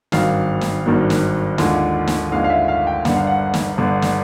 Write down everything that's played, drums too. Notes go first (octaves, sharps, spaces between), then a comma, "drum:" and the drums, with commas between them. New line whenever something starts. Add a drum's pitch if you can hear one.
G#1 G2 D#3 F#3 F5, drum: snare
drum: snare
G#1 G2 D#3 F#3
drum: snare
D#2 D3 F3 G#3, drum: snare
drum: snare
D#2 D3 F3 G#3 F5
F5
E5
F5
G5
G1 G2 D3 F#5, drum: snare
F5
F#5
drum: snare
G1 G2 D3
drum: snare